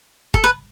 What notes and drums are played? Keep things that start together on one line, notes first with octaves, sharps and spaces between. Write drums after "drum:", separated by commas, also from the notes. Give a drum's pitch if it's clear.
A4, drum: kick G1
B4